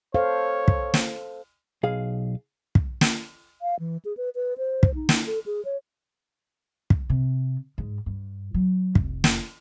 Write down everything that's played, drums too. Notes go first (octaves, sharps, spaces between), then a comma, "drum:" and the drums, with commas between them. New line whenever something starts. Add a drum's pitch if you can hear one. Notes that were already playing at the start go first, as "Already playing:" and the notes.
A4 C5 C#5 F5
drum: kick
drum: snare
B1 G#4 F5
drum: kick
drum: snare
F5
E3
G#4
B4
B4
C5
drum: kick
D#4
drum: snare
A4
G#4
C#5
drum: kick
C3
G#2
G2
F#3
F1, drum: kick
drum: snare